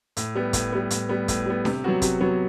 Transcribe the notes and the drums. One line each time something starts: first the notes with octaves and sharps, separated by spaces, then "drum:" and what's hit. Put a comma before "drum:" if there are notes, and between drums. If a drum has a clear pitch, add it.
A2, drum: hi-hat
G3 B3
A2, drum: kick, hi-hat
G3 B3
A2, drum: hi-hat
G3 B3
A2, drum: kick, hi-hat
G3 B3
C3, drum: snare D4
F#3 B3 F#4
C3, drum: kick, hi-hat
F#3 B3 F#4